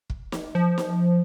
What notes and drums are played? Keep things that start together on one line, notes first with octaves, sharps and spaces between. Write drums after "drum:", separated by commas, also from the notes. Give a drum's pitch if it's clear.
drum: kick
drum: snare
F3
drum: snare